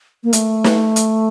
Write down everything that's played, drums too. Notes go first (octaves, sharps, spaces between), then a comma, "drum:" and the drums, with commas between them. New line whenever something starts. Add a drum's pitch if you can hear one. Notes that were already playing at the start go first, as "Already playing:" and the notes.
A#3
A3, drum: hi-hat
drum: snare
drum: hi-hat